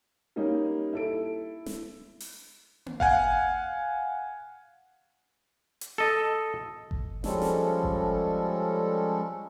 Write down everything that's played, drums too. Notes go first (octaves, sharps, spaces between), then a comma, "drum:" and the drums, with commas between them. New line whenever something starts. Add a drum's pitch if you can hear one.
G3 A#3 C#4 D#4
E4 A4 D7
drum: snare
drum: open hi-hat
drum: tom A#3
F5 F#5 G#5, drum: kick G1
drum: hi-hat
A4 D#5
drum: kick G1
F3 G3 G#3 C#4 A4, drum: snare
drum: snare
drum: kick G1